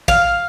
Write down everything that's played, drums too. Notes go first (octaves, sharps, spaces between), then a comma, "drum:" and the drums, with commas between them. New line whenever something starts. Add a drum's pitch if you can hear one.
F5, drum: kick